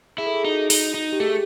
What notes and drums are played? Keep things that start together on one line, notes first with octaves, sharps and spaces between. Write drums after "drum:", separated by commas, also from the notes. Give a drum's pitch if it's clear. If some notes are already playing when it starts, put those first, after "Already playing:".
E4 G#4
A4
G#4
D#4 F#4
D#4, drum: open hi-hat
D#4
G4
A3 G#4